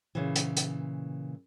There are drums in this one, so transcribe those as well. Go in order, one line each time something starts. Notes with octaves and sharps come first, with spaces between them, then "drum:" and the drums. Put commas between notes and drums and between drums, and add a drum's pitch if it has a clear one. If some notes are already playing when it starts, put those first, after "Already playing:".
A#2 C#3 E3
drum: hi-hat
drum: hi-hat